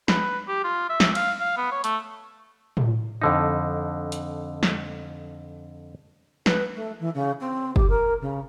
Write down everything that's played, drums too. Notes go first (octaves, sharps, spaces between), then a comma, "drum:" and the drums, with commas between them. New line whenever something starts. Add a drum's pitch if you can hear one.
B4, drum: snare
G4
F4
E5
drum: snare
F5, drum: cymbal
F5
B3
C#5
A3, drum: hi-hat
drum: tom A2
F2 D3 D#4
drum: hi-hat
drum: snare
B4, drum: snare
A3
E3
C#3
C4
G4, drum: kick
A#4
C#3